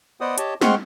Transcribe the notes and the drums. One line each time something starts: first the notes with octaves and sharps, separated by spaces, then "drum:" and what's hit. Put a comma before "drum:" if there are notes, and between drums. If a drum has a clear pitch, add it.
B3 C5 D5 D#5 F#5 D#6
G4 C#5 D#5 A5, drum: hi-hat
G#3 C4 F#5 C6 C#6 F6, drum: snare